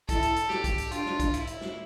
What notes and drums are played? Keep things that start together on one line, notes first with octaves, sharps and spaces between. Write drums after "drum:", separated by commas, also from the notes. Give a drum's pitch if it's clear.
E4 A4, drum: kick, hi-hat
drum: hi-hat
drum: hi-hat
G4, drum: snare
drum: kick, hi-hat
drum: hi-hat
D4 F4, drum: hi-hat
drum: snare
drum: kick, hi-hat
E4, drum: hi-hat
drum: hi-hat
drum: snare